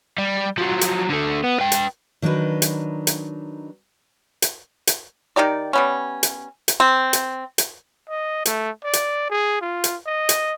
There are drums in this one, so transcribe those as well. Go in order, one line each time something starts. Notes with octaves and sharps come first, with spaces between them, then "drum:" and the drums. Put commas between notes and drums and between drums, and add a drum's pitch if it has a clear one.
G3
F3 F#3
drum: hi-hat
D3 A3
B3
B4 G5
drum: hi-hat
D#3 F#3 D4 D#4 B4
drum: hi-hat
drum: hi-hat
drum: hi-hat
drum: hi-hat
D#3 D#4 G4 D5
G3 B3 C#4
drum: hi-hat
drum: hi-hat
C4
drum: hi-hat
drum: hi-hat
D#5
A3, drum: hi-hat
D5
drum: hi-hat
G#4
F4
drum: hi-hat
D#5
drum: hi-hat